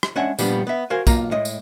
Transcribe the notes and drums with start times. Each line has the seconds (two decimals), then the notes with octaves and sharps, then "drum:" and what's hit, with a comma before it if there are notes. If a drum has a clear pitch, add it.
0.03 drum: rim click
0.16 G#3 C#4 D4 E5 F#5 G#5
0.39 A#2 F3 G3 B3 D4, drum: tambourine
0.67 B3 E5
0.90 F#4 A#4 C5 F5 G#5
1.07 B1 A#3 F4 A#5, drum: kick, tambourine
1.31 A2 G#3 D#5
1.45 drum: tambourine